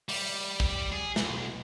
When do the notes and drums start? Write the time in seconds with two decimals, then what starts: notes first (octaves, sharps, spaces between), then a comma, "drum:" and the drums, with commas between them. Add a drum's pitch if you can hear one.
0.09 G3, drum: open hi-hat
0.60 drum: kick
0.92 G#4
1.16 B1, drum: snare